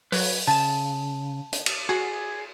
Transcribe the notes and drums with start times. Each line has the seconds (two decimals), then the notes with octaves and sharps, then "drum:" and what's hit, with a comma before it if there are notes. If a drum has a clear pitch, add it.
0.12 F#3 B4 C#5, drum: open hi-hat
0.47 C#3 A5 A6 E7
1.53 drum: hi-hat
1.66 drum: cymbal
1.89 F#4 G#4